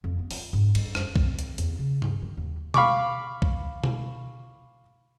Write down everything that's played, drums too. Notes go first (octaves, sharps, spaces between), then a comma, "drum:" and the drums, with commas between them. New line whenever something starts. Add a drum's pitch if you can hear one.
F2
B3
F4, drum: open hi-hat
G#2
G2, drum: cymbal
F#2, drum: rim click
C4, drum: kick B1
drum: hi-hat
E2, drum: hi-hat
C#3
D1, drum: tom G2
D#3
D#2
F5 B5 C#6 D6, drum: tom B2
drum: kick B1
drum: tom B2